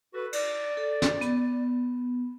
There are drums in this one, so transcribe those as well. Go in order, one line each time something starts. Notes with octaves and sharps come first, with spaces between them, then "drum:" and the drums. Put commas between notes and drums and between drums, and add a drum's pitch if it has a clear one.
F#4 A4 B4
D5, drum: cymbal
A4
drum: snare
B3, drum: hi-hat